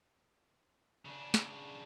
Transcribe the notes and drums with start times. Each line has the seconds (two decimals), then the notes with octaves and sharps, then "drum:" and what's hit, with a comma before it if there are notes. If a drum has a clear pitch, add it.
1.05 C#3 D4
1.34 drum: snare